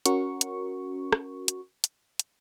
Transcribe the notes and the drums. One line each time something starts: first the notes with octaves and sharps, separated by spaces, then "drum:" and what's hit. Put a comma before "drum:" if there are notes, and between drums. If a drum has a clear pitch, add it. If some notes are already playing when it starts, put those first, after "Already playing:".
C#4 F#4 A#4 C#6, drum: hi-hat
drum: hi-hat
drum: rim click
drum: hi-hat
drum: hi-hat
drum: hi-hat